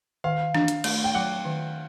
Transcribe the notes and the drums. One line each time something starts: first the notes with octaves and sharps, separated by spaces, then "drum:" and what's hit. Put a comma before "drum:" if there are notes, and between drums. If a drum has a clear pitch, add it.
D#3 F5
D4, drum: snare
drum: hi-hat
A3, drum: cymbal
G5
F#3 F#5
D#3